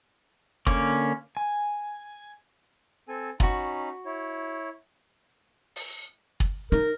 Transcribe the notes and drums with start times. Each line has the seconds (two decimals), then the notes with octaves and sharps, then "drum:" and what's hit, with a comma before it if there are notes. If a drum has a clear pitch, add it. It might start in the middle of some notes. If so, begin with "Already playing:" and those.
0.67 D3 A#3 C#4 D6, drum: kick
1.37 G#5
3.08 C4 A4 G#5
3.40 C#4 D#4 F4 F#4 B5, drum: kick
4.05 E4 C#5
5.76 drum: open hi-hat
6.40 drum: kick
6.72 D#4 A#4, drum: hi-hat